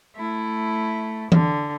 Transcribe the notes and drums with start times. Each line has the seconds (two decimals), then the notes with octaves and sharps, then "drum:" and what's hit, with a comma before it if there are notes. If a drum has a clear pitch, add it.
0.16 A3 E4
1.32 D3, drum: tom E3